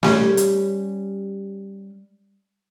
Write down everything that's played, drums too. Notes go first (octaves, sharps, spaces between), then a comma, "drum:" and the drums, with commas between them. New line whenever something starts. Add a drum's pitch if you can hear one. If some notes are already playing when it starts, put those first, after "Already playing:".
G3 C#4, drum: snare A3
drum: hi-hat